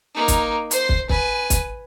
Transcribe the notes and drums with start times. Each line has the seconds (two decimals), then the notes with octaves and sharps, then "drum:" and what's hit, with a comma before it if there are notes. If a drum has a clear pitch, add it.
0.15 A#3 D#4
0.28 drum: kick, hi-hat
0.71 C5 C6, drum: hi-hat
0.89 drum: kick
1.09 B4 G#5, drum: kick
1.50 drum: kick, hi-hat